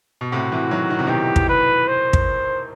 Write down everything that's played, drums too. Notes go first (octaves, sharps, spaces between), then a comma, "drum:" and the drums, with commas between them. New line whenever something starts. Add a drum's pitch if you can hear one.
B2
A2 C3 F#4
C3 E3
D#3 F#3
D#3
C3
B2 D#3 G4
drum: kick
B4
C5
drum: kick